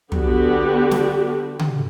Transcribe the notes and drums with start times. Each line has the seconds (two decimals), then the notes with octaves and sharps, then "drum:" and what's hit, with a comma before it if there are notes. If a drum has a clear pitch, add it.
0.12 D3 B3 F#4 G4, drum: tom
0.91 drum: snare
1.59 drum: tom C#3